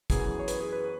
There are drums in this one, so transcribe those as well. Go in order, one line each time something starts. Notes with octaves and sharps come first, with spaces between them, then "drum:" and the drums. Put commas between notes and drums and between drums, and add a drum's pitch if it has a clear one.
F#2 E3 B3 G#4, drum: kick, hi-hat
C#5
B4, drum: hi-hat
G#4
B4